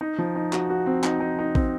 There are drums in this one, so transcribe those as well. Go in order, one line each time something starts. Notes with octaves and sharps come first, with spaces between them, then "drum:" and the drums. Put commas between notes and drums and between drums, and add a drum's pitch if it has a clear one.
D#4
F3
D#4
F#4, drum: clap
F#4
C4
D#4, drum: clap
D#4
D#4
C4, drum: kick A1